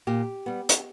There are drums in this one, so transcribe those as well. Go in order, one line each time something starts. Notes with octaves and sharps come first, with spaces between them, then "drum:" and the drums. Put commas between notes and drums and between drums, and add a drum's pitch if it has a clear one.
A#2 G4
G3 B3
drum: hi-hat